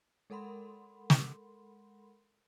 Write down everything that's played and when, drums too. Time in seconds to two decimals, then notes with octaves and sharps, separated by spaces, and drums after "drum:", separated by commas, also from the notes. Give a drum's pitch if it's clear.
0.30 G#3 A4 A#4 F#5 B5 C6
1.10 drum: snare